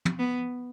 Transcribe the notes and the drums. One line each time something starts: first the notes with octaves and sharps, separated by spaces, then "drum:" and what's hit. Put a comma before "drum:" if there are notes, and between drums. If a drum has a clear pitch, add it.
drum: tom
B3